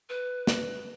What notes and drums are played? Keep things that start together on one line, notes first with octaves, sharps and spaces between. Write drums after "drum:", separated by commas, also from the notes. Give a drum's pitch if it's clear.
B4
drum: snare